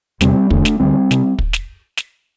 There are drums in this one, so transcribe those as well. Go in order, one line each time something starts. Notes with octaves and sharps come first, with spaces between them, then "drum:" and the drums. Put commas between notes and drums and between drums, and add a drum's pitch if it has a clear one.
E2 C3 G3 C4, drum: snare
E2 D3 A3 D4, drum: kick
drum: snare
D2 D3 G3 C4
C3, drum: snare
drum: kick
drum: snare
drum: snare